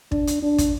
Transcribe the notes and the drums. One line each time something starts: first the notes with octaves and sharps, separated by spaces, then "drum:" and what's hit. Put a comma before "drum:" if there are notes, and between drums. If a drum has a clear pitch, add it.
D4, drum: kick
drum: hi-hat
D4
drum: kick, hi-hat